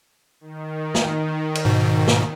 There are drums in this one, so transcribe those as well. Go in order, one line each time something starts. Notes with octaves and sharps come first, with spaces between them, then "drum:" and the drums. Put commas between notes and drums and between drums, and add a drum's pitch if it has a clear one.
D#3
drum: snare
drum: cymbal
G#2 B2
drum: snare